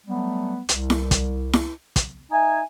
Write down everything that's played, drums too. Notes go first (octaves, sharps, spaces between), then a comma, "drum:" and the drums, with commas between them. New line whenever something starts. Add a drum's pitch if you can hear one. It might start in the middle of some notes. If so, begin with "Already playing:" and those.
F#3 G3 A3 B3
C2, drum: hi-hat
drum: snare E4
drum: kick, hi-hat
drum: snare E4
drum: kick, hi-hat
D#4 E5 G#5